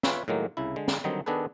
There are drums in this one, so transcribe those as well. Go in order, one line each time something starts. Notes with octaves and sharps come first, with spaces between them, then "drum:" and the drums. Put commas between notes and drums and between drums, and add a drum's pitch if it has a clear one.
F4 B4 C#5 E5, drum: snare
A2 D#3 F#3 G#3 A#3
C2 C#3 E4
D3 G#3
drum: snare
D3 D#3 F#3 G3 C4 D#4
D#3 B3 D4 G#4 A4 B4